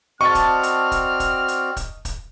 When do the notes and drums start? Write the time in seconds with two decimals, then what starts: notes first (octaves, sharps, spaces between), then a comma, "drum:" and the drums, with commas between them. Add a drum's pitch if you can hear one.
0.21 C4 F#4 D5 D#5 A5 C#6 F6
0.35 drum: kick, hi-hat
0.63 drum: hi-hat
0.92 drum: kick, hi-hat
1.20 drum: kick, hi-hat
1.48 drum: hi-hat
1.77 drum: kick, hi-hat
2.05 drum: kick, hi-hat